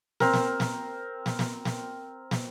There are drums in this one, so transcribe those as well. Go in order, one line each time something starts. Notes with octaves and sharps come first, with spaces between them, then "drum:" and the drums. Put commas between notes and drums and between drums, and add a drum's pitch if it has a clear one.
C4 A#4, drum: snare
drum: snare
drum: snare
drum: snare
drum: snare
drum: snare
drum: snare